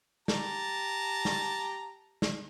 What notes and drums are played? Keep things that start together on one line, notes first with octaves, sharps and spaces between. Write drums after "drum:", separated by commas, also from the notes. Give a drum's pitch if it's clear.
G4 A5 A#5, drum: snare
drum: snare
drum: snare